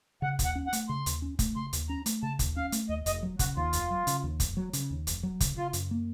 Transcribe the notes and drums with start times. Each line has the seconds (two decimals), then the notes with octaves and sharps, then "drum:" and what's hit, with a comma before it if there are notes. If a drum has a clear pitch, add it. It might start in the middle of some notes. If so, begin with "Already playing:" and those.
0.22 C#3 F#5
0.39 D#2, drum: kick F1, hi-hat
0.44 F#5
0.55 C#4
0.67 F#5
0.73 A3, drum: hi-hat
0.89 C#3 C6
1.06 D#2, drum: hi-hat
1.22 C#4
1.39 A3, drum: kick F1, hi-hat
1.56 C#3 C6
1.73 D#2, drum: hi-hat
1.89 C#4 A#5
2.06 A3, drum: hi-hat
2.23 C#3 A5
2.39 D#2, drum: kick F1, hi-hat
2.56 C#4 F5
2.72 A3, drum: hi-hat
2.89 D#2 D#5
3.06 F1 D#5, drum: hi-hat
3.23 F#3
3.39 C#3 F#4, drum: kick F1, hi-hat
3.56 D#2 F4
3.73 F1, drum: hi-hat
3.90 F#3
4.07 C#3, drum: hi-hat
4.24 D#2
4.40 F1, drum: kick F1, hi-hat
4.57 F#3
4.73 C#3, drum: hi-hat
4.90 D#2
5.07 F1, drum: hi-hat
5.23 F#3
5.40 C#3, drum: kick F1, hi-hat
5.57 C#3 F4
5.73 F#2, drum: hi-hat
5.91 A#3